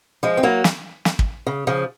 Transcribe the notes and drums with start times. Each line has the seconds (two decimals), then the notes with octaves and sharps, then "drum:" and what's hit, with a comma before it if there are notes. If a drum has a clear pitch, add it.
0.23 F3 G#3
0.37 C4
0.43 F#3 A#3
0.64 drum: snare
1.05 drum: snare
1.19 drum: kick
1.47 C#3
1.67 C#3 F3